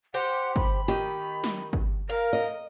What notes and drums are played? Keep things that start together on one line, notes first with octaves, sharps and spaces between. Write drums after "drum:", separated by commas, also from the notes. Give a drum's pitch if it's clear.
G4 C5 F#5
B5, drum: kick
D#3 D#4 G4
drum: snare
drum: kick
A#4 F5
D#5